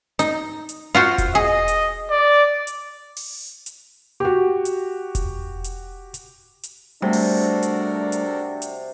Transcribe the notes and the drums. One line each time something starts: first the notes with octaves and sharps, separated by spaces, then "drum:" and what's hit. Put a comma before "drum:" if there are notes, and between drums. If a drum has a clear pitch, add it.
D#4, drum: hi-hat
drum: hi-hat
F4 F#4 C5
drum: kick E1, hi-hat
G#4 D#5
drum: hi-hat
D5
drum: hi-hat
drum: open hi-hat
drum: hi-hat
F#4 G4
drum: hi-hat
drum: kick E1, hi-hat
drum: hi-hat
drum: hi-hat
drum: hi-hat
C3 G3 A3 D4 F#4 A4 A#4
drum: open hi-hat
drum: hi-hat
drum: hi-hat
drum: hi-hat